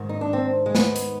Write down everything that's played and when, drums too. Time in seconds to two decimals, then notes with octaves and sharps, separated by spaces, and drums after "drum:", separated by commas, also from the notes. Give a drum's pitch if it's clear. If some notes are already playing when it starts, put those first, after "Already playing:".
Already playing: G#2 D#3
0.09 D#4
0.21 D4
0.33 C4
0.66 G#3
0.75 B3, drum: snare
0.96 drum: hi-hat